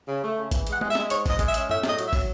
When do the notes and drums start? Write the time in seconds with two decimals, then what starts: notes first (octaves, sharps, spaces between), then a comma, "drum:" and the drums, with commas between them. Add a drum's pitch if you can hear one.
0.08 C#3
0.23 A3
0.38 C#3
0.51 E3, drum: kick, hi-hat
0.67 G#3 F#5, drum: hi-hat
0.81 G#3, drum: tom
0.91 E5
0.95 G#3, drum: snare
1.10 G#2 C#5, drum: hi-hat
1.26 G#3 D#5, drum: kick, open hi-hat
1.39 G#3, drum: kick, hi-hat
1.49 E5
1.54 C#4, drum: hi-hat
1.69 A2 E5, drum: tom F#2
1.83 A2 D#5, drum: snare
1.99 F#3, drum: hi-hat
2.07 E5
2.13 F#3, drum: kick, open hi-hat